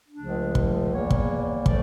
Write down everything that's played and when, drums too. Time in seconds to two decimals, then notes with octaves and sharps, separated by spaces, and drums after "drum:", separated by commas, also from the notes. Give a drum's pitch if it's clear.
0.09 D4
0.17 C#2 C#3 F3 A3
0.55 drum: kick
0.91 E2 E3 G3 A#3 C#5
1.10 drum: kick
1.66 D3 F3 A3 D5, drum: kick